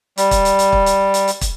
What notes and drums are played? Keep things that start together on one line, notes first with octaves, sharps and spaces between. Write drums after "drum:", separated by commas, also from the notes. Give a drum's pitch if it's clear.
G3, drum: hi-hat
drum: kick, hi-hat
drum: hi-hat
drum: hi-hat
drum: kick
drum: hi-hat
drum: hi-hat
drum: hi-hat
drum: kick, hi-hat